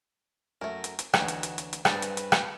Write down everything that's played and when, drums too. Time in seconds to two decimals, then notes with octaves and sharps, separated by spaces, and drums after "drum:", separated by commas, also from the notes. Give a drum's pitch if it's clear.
0.61 F#2 A3 A#4
0.84 drum: hi-hat
0.99 drum: hi-hat
1.13 D2 D#3 E3 C#4 F#4, drum: rim click
1.28 drum: hi-hat
1.43 drum: hi-hat
1.58 drum: hi-hat
1.73 drum: hi-hat
1.85 G2 G3 C4 G#4 B4 A5, drum: rim click
2.02 drum: hi-hat
2.17 drum: hi-hat
2.32 drum: rim click